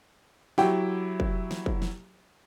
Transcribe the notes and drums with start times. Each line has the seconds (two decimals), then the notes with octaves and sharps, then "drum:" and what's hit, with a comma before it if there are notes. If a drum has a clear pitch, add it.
0.58 F#3 E4 F#4 G4 G5, drum: snare
1.20 drum: kick
1.51 drum: snare
1.66 drum: kick
1.82 drum: snare